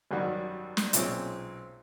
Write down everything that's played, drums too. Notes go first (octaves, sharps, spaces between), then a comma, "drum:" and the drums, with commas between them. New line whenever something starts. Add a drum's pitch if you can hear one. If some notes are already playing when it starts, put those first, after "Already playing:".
G#1 F#2 D#3 G3 F#4
drum: snare
B1 A#2 G#3 C4 C#4, drum: hi-hat